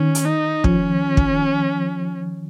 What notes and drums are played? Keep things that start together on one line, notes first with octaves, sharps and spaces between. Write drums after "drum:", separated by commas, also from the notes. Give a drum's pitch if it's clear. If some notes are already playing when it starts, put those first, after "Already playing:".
Already playing: D#3 C#4
drum: hi-hat
D#4
F3 C#4, drum: kick
drum: kick